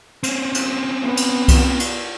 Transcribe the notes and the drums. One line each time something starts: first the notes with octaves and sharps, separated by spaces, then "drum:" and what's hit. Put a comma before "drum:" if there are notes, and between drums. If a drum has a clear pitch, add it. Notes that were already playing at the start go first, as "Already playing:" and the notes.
C4 C#4, drum: cymbal
drum: cymbal
B3
drum: cymbal
drum: kick C2, cymbal
drum: cymbal